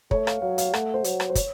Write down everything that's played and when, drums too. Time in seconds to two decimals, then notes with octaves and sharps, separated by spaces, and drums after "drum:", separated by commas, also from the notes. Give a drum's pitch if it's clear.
0.11 A3 C#5, drum: kick
0.27 F5, drum: rim click
0.42 F#3 F5
0.58 F5, drum: hi-hat
0.74 A3 F#5, drum: rim click
0.94 C5
1.04 F#3, drum: hi-hat
1.20 drum: rim click
1.30 C5
1.35 C#5, drum: kick, hi-hat